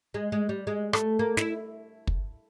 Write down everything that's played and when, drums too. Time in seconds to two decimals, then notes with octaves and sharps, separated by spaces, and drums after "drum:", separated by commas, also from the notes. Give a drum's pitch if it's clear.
0.14 G#3
0.32 G#3
0.49 G3
0.67 G#3
0.93 A3, drum: rim click
1.19 A#3
1.37 E4, drum: snare
2.07 drum: kick